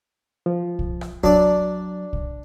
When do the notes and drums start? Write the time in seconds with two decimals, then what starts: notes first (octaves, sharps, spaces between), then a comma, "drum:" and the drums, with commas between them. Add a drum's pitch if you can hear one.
0.46 F3
0.79 drum: kick
1.01 drum: rim click
1.24 F#3 D4 D5, drum: kick
2.13 drum: kick